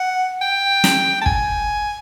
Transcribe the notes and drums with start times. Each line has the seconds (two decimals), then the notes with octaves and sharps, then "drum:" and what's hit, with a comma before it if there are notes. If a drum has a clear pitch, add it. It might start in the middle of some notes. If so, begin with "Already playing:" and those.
Already playing: F#5
0.42 G5
0.84 drum: snare
1.22 A5
1.26 G#5, drum: kick